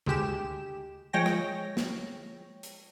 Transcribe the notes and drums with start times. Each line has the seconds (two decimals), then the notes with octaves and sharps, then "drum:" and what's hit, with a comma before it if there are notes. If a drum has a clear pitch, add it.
0.06 D2 G#3 G4 E7, drum: tom C#3
1.13 F3 G#3 C#5 G5 A#6
1.26 drum: rim click
1.77 drum: snare
2.63 drum: hi-hat